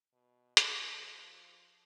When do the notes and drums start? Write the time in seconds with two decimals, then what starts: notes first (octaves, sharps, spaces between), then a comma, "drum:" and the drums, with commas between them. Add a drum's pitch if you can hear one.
0.13 B2
0.57 B2, drum: hi-hat
0.93 F3